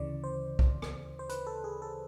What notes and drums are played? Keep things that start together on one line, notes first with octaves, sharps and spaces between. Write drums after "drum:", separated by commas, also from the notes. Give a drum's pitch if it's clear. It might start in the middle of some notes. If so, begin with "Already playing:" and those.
Already playing: D2 C#3 E3 D5
C5
drum: kick
drum: rim click
C5
B4, drum: hi-hat
A4
G#4
A4